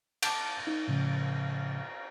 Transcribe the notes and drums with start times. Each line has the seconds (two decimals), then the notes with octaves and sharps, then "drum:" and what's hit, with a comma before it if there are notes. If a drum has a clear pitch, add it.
0.22 F#5 A5 D6, drum: cymbal
0.67 D#4
0.88 A2 C#3 F3